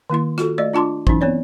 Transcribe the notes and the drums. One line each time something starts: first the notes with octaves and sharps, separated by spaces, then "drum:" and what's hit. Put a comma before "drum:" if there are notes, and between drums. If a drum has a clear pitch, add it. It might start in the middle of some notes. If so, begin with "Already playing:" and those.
D#3 A#3 E4 C6
F4 F#4 A4, drum: rim click
A3 D5 D#5
D4 F4 A5 C6 D6
E3 F#3 C#4 D#4 E4, drum: kick A1
B3 C4 C#5 D5